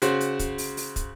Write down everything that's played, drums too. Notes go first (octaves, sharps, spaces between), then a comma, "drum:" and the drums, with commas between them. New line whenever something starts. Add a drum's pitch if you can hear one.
C#3 F#4 C5, drum: hi-hat
drum: hi-hat
drum: kick, hi-hat
drum: open hi-hat
drum: open hi-hat
drum: kick, hi-hat